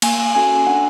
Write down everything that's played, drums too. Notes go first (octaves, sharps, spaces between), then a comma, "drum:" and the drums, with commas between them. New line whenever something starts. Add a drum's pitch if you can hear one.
A#3 G#5, drum: cymbal
C#4 F#4 A4 G#5
G#5
D4 F#5